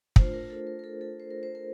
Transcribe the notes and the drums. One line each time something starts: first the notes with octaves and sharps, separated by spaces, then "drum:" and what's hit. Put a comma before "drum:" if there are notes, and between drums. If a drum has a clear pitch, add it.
A3 D4 F4 C5, drum: kick
A#4
A4
A#4
A#4
A4
A4
C5
A#4
C5
A#4